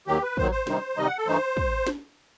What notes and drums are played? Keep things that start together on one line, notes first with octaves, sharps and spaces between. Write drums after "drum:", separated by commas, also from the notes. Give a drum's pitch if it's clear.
D#2 D#3 F#3 G4
B4
D#2 D#3 F#3 C5, drum: kick
C5
C3 D#3 G3 D#4, drum: snare
C3 D#3 G3 D#4 D#5
F#5
A4
G2 E3 A3 D#4 C5
drum: kick
drum: snare